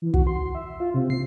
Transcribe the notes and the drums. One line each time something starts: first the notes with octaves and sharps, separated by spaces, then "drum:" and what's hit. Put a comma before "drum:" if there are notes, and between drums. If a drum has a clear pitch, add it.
E3
F#4, drum: kick
C6
E5
F4
C3
C7